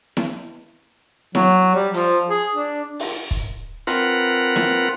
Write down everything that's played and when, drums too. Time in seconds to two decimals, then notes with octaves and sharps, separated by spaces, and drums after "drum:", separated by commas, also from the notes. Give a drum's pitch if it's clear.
0.17 drum: snare E4
1.35 F#3, drum: snare E4
1.75 G3
1.94 F3, drum: hi-hat
2.30 G#4
2.55 D4
2.99 drum: open hi-hat
3.31 drum: kick
3.87 C4 F4 A#4 B4 F#5, drum: hi-hat
4.56 drum: snare E4